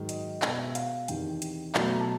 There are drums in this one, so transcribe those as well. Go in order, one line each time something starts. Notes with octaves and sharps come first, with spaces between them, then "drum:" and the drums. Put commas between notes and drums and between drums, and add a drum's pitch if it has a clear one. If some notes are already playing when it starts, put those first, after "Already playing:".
Already playing: G#2 D#3 F#3
D#5, drum: hi-hat
B2 G#3 D5, drum: clap
E5
E5
F5, drum: hi-hat
E2 C3 D#3 G5, drum: hi-hat
drum: hi-hat
B2 F#3 A3, drum: clap
B5
A#5
A5